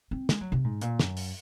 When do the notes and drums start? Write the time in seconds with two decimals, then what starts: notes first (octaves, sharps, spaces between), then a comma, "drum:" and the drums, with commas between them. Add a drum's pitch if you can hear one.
0.11 C4
0.29 G#3, drum: snare
0.41 F#3
0.52 C3
0.64 G#2
0.81 A#2, drum: hi-hat
1.00 F#2, drum: snare
1.17 drum: open hi-hat